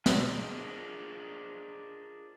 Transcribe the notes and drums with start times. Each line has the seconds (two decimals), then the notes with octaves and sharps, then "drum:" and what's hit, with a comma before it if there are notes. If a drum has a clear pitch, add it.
0.06 D4 F4 G#4 A#4 C5 D#5, drum: snare